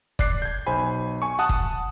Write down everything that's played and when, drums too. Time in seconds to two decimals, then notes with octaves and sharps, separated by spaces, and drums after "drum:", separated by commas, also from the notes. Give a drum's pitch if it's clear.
0.19 D5 F#6 C7, drum: kick
0.42 G6 G#6
0.66 B1 C5 G#5 B5
1.22 G#5 C#6
1.39 F#5 A5 D#6 F#6
1.49 drum: kick